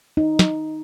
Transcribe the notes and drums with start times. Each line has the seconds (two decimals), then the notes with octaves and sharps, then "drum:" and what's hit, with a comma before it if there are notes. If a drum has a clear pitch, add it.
0.17 D#4
0.39 drum: snare